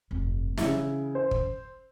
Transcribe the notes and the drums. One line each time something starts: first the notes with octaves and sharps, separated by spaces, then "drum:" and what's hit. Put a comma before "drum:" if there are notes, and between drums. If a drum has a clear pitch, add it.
F1 G2
C#3 E3 C#4 E4, drum: snare
C5
drum: kick